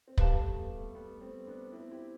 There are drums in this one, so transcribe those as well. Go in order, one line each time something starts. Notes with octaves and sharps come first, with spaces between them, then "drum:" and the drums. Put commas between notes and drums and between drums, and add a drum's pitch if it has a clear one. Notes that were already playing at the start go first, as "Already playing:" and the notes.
C4
G3 B3 G4 B4 F5 A5, drum: kick
A3
A3
A3
G3 B3
A3 C4
B3 D4
C4 E4
E4 G4